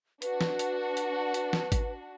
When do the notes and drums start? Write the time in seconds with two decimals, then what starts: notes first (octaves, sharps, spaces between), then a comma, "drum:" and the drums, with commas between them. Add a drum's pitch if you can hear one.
0.22 D4 F#4 B4, drum: hi-hat
0.41 drum: snare
0.59 drum: hi-hat
0.97 drum: hi-hat
1.34 drum: hi-hat
1.53 drum: snare
1.72 drum: kick G#1, hi-hat